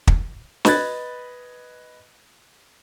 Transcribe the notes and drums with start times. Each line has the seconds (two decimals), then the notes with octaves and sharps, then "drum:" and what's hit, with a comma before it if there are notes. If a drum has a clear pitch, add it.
0.07 drum: kick
0.65 B4 D#5 B5 F#6 G#6 A6, drum: snare